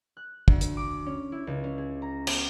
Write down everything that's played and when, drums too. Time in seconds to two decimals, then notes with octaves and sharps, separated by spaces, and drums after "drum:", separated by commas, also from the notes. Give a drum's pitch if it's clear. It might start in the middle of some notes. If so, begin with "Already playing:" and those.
0.17 F#6
0.48 D2, drum: kick
0.61 drum: hi-hat
0.77 D6
1.06 C#4
1.32 E4
1.47 C#2
1.64 C#4
1.78 G#4
2.02 A#5
2.27 B3, drum: cymbal